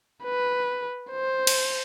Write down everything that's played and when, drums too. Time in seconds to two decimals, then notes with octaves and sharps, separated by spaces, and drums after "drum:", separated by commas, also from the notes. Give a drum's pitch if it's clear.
0.24 B4
1.11 C5
1.47 drum: cymbal